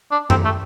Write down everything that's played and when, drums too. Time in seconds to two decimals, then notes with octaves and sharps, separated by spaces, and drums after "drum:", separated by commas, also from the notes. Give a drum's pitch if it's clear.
0.12 D4
0.30 C4, drum: tom F#2
0.45 A3